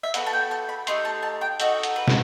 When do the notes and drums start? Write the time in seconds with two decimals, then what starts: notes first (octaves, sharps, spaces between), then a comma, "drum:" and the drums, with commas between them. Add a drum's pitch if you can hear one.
0.03 E5
0.14 B3 F#4 A4 F#5, drum: hi-hat
0.26 A5
0.33 G5
0.51 A5
0.69 B5
0.87 A3 D#4 G4 C6, drum: hi-hat
1.05 A5
1.23 A5
1.41 G5
1.60 D#4 F#4 A4 F#5, drum: hi-hat
1.83 drum: hi-hat
1.96 B4
2.08 drum: snare